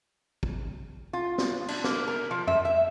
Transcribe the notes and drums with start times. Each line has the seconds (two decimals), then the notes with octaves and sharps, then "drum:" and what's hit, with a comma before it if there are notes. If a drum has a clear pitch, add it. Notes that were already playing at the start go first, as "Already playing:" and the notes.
0.43 drum: kick
1.13 F4
1.38 drum: snare
1.68 D4, drum: cymbal
1.84 A#3, drum: snare
2.07 A#4
2.31 F3
2.47 E5, drum: tom
2.65 E5